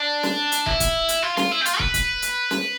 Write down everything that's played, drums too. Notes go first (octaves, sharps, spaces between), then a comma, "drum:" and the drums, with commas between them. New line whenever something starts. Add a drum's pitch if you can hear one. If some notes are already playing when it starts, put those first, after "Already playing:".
Already playing: D4
drum: snare
drum: hi-hat
E4, drum: kick
drum: kick, hi-hat
drum: hi-hat
F4
F4, drum: snare
E4
G4
F4, drum: hi-hat
B4, drum: kick
drum: kick, hi-hat
drum: hi-hat
drum: snare